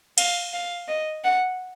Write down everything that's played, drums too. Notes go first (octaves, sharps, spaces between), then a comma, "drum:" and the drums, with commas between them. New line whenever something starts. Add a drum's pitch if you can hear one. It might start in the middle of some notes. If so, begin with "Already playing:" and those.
F5, drum: cymbal
F5
D#5
F#5